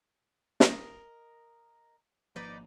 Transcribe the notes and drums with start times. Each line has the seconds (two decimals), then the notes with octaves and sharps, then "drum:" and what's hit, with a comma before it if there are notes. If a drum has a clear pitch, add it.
0.60 A#4 D#5, drum: snare
2.36 G#1 F3 A#3 D#4 B4 D5